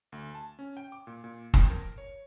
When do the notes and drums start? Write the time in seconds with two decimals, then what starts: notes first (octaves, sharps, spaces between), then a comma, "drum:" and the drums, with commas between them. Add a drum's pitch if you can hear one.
0.12 D2
0.35 A5
0.59 C#4
0.77 G5
0.92 D6
1.07 A#2
1.24 A#2
1.54 F2, drum: kick
1.70 A#4
1.98 C#5